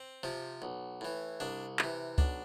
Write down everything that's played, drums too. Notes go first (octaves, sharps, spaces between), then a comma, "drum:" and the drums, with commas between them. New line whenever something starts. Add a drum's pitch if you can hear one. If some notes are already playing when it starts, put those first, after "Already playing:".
Already playing: C4
C3 F3
B1
A2 E3
C2 D4
C3 E3, drum: clap
B1 D4, drum: kick C#2